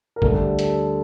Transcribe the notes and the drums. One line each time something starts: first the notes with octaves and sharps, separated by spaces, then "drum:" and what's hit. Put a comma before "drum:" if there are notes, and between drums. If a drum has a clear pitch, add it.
A#4
D2 D3 G3 A4, drum: kick
A4, drum: hi-hat